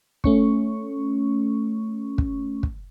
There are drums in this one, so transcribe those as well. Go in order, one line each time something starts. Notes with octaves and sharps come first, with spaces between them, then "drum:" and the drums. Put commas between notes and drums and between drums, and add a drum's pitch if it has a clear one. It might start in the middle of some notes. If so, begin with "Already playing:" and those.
A3 C#4 C#6, drum: kick
drum: kick
drum: kick